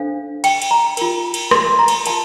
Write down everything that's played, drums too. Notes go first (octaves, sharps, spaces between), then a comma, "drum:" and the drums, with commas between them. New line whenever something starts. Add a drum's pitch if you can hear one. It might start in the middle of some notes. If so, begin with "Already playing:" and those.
Already playing: D4 A4 C5 F5
G5, drum: cymbal
drum: cymbal
A#5
F4 A#4, drum: cymbal
drum: cymbal
C6, drum: rim click
A#5
drum: cymbal
F4 A#4 A5, drum: cymbal